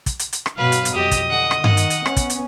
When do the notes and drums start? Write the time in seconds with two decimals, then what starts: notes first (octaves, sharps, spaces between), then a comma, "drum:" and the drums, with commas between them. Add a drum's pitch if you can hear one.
0.06 drum: kick, hi-hat
0.19 drum: hi-hat
0.33 drum: hi-hat
0.46 drum: rim click
0.58 G2 B2 F#3 B4 F5
0.72 drum: hi-hat
0.85 drum: hi-hat
0.94 F2 G4 D#5 D#6
1.11 drum: kick, hi-hat
1.30 D3 F#5
1.51 drum: rim click
1.64 D#3 F#5, drum: tom G2
1.77 drum: hi-hat
1.90 drum: hi-hat
2.06 B3 C#4, drum: rim click
2.16 drum: kick, hi-hat
2.30 drum: hi-hat